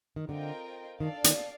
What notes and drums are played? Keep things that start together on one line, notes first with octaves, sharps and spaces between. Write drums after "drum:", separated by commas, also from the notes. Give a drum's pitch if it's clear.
D#3
D3 C4 F4 A#4 D#5 G5
D#3 D4 A4 D5 F5
D#3, drum: hi-hat